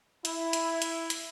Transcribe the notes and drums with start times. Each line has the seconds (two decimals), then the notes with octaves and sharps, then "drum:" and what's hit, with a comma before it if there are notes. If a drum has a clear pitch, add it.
0.25 E4, drum: hi-hat
0.53 drum: hi-hat
0.82 drum: hi-hat
1.10 drum: hi-hat